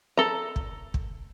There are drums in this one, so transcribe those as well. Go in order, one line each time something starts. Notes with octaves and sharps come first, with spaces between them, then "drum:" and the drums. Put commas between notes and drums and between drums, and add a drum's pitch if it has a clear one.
A4 A#5
drum: kick
drum: kick